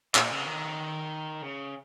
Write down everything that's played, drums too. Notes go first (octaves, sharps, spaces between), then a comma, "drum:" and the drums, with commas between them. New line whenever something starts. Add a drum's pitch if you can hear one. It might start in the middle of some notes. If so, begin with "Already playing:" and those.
A#2, drum: clap
C#3
D#3
C#3